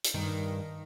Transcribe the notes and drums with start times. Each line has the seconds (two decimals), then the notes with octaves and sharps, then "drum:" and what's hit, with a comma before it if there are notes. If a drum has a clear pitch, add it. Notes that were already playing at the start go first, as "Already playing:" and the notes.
0.04 drum: hi-hat
0.14 G2 D#3